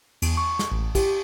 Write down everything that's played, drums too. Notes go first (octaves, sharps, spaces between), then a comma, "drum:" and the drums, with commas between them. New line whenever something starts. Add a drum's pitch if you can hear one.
E2, drum: cymbal
C#6
drum: snare
A1
G4, drum: kick, cymbal